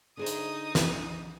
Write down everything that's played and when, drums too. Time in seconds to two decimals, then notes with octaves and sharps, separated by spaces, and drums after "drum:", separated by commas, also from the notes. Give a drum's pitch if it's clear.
0.17 D3 D#4 G#4 C5 D#6
0.26 drum: hi-hat
0.75 drum: snare